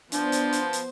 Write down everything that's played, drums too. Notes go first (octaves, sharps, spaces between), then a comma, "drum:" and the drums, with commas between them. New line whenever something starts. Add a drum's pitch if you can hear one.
F3 B3 D4 C5, drum: hi-hat
drum: hi-hat
drum: hi-hat
drum: hi-hat